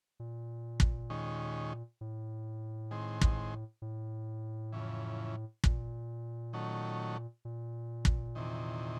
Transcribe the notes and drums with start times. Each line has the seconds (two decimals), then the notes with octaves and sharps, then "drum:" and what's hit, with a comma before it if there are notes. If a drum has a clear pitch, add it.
0.20 A#2
0.80 drum: kick
1.10 D#2 D#3 G#3 C#4
2.01 A2
2.91 D#3 G#3 C4
3.21 drum: kick
3.82 A2
4.72 F2 C#3 E3
5.64 A#2, drum: kick
6.53 D#3 F#3 A3 C#4
7.45 A#2
8.05 drum: kick
8.35 E2 C3 D#3